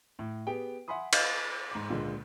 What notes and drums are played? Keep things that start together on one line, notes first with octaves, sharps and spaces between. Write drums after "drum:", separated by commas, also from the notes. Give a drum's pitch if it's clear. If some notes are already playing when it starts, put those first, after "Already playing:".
A2
B3 G4 G#4 G5
E5 F#5 G#5 B5 C6 D#6
B4 D#5 F5, drum: cymbal
G#2 D6
C#2 A#2 D3 G#3